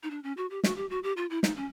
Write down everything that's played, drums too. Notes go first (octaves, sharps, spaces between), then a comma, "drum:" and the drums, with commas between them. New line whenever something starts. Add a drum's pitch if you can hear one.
D#4
D4
C#4
F#4
G4
F#4, drum: snare
G4
F#4
G4
F4
E4
D#4, drum: snare
C#4